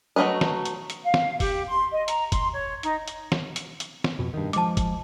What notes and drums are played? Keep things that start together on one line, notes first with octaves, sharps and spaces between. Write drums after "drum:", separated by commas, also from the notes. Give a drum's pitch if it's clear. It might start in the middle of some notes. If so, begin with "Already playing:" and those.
F#3 A3 F#4 B4 D#5
drum: snare
drum: hi-hat
drum: hi-hat
F5
drum: snare
G4, drum: kick F#1, open hi-hat
C6
D#5
A#5, drum: hi-hat
C6, drum: kick F#1, hi-hat
C#5
D#4, drum: hi-hat
drum: hi-hat
drum: snare
drum: hi-hat
drum: hi-hat
drum: snare
F2 B2
G2 D#3
F3 G#3 A5 D6, drum: hi-hat
drum: kick F#1, hi-hat